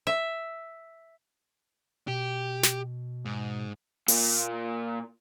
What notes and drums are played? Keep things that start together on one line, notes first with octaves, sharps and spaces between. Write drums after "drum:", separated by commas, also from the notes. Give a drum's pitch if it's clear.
E5
B2 G4
drum: snare
G#2
A#2 A#3, drum: open hi-hat